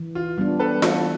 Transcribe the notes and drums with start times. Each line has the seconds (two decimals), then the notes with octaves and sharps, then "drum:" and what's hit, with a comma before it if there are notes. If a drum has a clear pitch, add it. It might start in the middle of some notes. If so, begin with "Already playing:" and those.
Already playing: E3
0.15 F4
0.38 G3 B3 D4 F4
0.59 A4 B4
0.82 E3, drum: snare F4